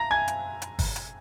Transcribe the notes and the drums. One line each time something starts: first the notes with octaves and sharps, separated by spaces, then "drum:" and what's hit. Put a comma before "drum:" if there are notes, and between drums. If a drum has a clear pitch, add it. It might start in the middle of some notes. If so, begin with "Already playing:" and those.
Already playing: A#5 A#6
G#5 G#6
drum: hi-hat
drum: hi-hat
drum: kick, open hi-hat
drum: hi-hat